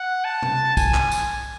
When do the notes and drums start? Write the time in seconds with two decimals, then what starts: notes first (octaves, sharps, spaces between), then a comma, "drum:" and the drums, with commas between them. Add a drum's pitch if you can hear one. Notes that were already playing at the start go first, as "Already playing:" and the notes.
Already playing: F#5
0.25 A5
0.42 drum: tom B2
0.77 G#5, drum: kick, tambourine
0.94 drum: clap
1.12 drum: tambourine